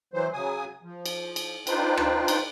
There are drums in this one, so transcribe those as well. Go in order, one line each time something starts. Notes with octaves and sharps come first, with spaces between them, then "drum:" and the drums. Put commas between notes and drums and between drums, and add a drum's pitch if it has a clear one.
E3 F#3 C5
C#3 F#3 G#5 D#6
F3
drum: cymbal
drum: cymbal
D4 D#4 F4 B4 C5 G5, drum: cymbal
drum: rim click
drum: cymbal